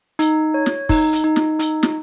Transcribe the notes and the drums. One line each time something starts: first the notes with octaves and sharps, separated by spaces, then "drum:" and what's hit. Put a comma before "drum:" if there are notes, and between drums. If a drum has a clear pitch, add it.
D#4, drum: hi-hat
C#5
drum: snare
D#4, drum: kick, open hi-hat
drum: hi-hat
D#4
drum: snare
D#4, drum: hi-hat
drum: snare